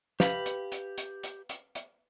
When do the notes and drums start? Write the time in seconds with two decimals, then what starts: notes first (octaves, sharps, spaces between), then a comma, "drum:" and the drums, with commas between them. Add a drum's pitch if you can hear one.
0.20 G4 B4 E5 F5 B5, drum: snare
0.46 drum: hi-hat
0.72 drum: hi-hat
0.98 drum: hi-hat
1.24 drum: hi-hat
1.49 drum: hi-hat
1.75 drum: hi-hat